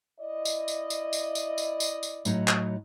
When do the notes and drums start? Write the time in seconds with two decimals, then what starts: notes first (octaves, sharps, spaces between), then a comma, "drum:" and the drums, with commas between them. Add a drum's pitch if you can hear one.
0.20 E4 D5 D#5
0.45 drum: tambourine
0.68 drum: tambourine
0.90 drum: tambourine
1.13 drum: tambourine
1.35 drum: tambourine
1.58 drum: tambourine
1.80 drum: tambourine
2.03 drum: tambourine
2.25 A2 F#3 D#4, drum: tambourine
2.48 drum: clap